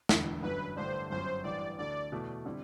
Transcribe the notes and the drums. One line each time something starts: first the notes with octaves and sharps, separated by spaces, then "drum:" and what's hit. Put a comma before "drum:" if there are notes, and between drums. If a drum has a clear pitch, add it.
E1 E2 D3, drum: snare
G1 F#2 D3 B4
A1 G2 D3 A3 D4 C5
G1 F#2 F#3 C5
A1 G2 E3 D5
D2 D3 A3 D5
E2 B2 A3 E4
D3 G3 C4 E4